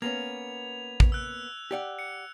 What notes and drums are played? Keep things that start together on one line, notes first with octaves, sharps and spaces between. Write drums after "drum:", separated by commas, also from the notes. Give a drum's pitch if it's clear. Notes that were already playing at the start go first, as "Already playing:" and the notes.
A#3 B3 C#4 G#6 F7
drum: kick
E6 F#6
G4 D5 F#5
C#7